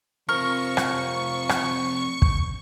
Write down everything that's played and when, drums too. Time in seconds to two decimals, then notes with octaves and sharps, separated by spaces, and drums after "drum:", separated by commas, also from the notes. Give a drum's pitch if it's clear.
0.29 F2 C3 F3 A#4 C#6
0.77 drum: rim click
1.49 drum: rim click
2.22 drum: kick